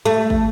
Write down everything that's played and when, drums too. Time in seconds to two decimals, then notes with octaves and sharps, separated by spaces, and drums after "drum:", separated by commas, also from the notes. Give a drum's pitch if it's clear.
0.06 A3
0.30 drum: kick